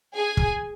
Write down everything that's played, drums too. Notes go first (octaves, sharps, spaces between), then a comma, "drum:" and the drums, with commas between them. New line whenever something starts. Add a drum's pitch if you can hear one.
G#4 G#5
drum: kick